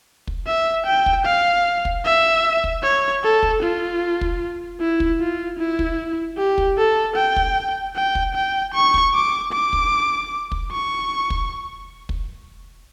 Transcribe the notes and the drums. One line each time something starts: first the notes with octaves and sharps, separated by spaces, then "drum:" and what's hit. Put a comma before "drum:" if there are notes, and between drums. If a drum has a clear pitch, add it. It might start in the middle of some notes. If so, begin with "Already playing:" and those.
drum: kick
E5
G5
drum: kick
F5
drum: kick
E5
drum: kick
C#5
A4
drum: kick
F4
drum: kick
E4
drum: kick
F4
E4
drum: kick
G4
drum: kick
A4
G5
drum: kick
G5
drum: kick
G5
C#6
drum: kick
D6
D6
drum: kick
drum: kick
C#6
drum: kick
drum: kick